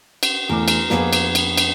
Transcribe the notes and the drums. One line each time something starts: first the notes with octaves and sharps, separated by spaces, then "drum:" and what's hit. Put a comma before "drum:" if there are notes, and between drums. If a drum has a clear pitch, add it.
drum: cymbal
E2 A3 A#4 D6
drum: cymbal
F2 A#3 B3 G#4, drum: snare
drum: cymbal
drum: cymbal
drum: cymbal